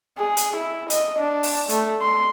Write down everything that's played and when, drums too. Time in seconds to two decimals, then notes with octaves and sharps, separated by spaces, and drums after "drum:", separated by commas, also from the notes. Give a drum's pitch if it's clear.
0.18 G#4
0.37 drum: hi-hat
0.56 E4
0.90 D#5, drum: hi-hat
1.19 D4
1.43 drum: open hi-hat
1.69 A3, drum: hi-hat
2.01 C6